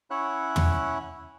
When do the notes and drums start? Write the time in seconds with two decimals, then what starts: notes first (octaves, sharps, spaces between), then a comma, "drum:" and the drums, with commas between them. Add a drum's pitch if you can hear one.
0.11 C#4 E4 C#5 E5 F#5 F#6
0.56 drum: tom